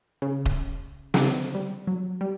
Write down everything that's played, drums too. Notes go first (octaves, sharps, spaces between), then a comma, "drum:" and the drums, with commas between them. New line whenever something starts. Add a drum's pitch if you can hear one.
C#3
drum: kick D#1
C#3, drum: snare
D3
G3
F#3
G3